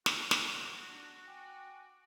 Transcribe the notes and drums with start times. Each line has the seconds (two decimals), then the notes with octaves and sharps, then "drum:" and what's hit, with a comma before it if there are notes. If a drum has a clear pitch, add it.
0.06 F#4, drum: snare
0.31 drum: snare
0.85 D4
1.27 G5 G#5 D6